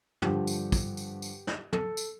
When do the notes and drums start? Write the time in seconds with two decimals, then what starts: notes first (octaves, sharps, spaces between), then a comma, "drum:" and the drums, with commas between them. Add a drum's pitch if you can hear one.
0.22 G2 D3 F3 G4, drum: tom
0.47 drum: tambourine
0.72 drum: kick, tambourine
0.97 drum: tambourine
1.22 drum: tambourine
1.47 drum: snare
1.73 A4, drum: tom
1.97 drum: tambourine